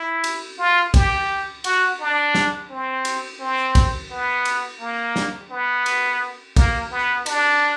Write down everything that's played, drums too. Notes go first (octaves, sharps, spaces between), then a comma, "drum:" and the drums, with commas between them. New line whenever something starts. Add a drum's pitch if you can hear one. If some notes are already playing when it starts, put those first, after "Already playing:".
Already playing: E4
drum: cymbal
F4
G4, drum: kick, cymbal
F#4, drum: cymbal
D4
drum: snare
C4
drum: cymbal
C4
drum: kick, cymbal
B3
drum: cymbal
A#3
drum: snare
B3
drum: cymbal
A#3, drum: kick, cymbal
B3
D4, drum: cymbal